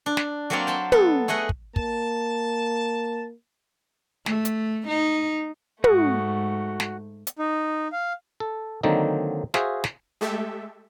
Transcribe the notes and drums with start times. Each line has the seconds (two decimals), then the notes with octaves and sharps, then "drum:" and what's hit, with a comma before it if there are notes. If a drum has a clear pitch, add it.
0.06 D4
0.17 drum: snare
0.50 F#3 A#3 C4 C#5 D5 F5
0.67 C5 A5 B5 C6
0.92 B3 A4, drum: tom
1.28 A3 G#4 D#5 F#5
1.49 drum: kick
1.76 A#3 A5, drum: kick
4.26 A3, drum: snare
4.45 drum: hi-hat
4.88 D#4
5.84 G#2 A3 F#4 F#5 D#6, drum: tom
6.80 drum: snare
7.27 drum: hi-hat
7.39 D#4
7.92 F5
8.40 A4
8.83 D3 D#3 F#3 A#3 C4 D#4
9.54 F#4 G#4 C5 E5 F5, drum: snare
9.84 drum: snare
10.21 G#3 A3 G4 A4 E5